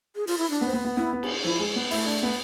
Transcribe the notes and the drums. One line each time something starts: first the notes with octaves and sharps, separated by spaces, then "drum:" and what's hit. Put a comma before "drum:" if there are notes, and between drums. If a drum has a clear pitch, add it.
G#4
F4, drum: open hi-hat
E4
D4
B3
C4
B3
B3
B3 E4
B3
drum: cymbal
F3 E4
G#3
B3
A3 E4, drum: open hi-hat
D4
B3